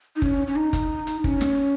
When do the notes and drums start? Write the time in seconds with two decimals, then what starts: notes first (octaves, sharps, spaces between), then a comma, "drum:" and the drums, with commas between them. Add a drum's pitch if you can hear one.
0.16 D#4
0.22 C#4, drum: kick
0.47 C#4
0.56 D#4
0.73 drum: kick, hi-hat
1.07 drum: hi-hat
1.24 C#4, drum: kick
1.41 drum: snare